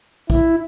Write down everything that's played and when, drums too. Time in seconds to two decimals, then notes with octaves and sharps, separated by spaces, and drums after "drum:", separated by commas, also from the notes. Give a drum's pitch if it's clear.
0.30 E4, drum: kick